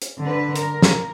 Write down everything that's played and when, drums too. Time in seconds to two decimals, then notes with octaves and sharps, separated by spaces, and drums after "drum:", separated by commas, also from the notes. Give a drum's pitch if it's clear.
0.02 drum: hi-hat
0.22 D3 B4
0.55 A#4, drum: hi-hat
0.82 drum: snare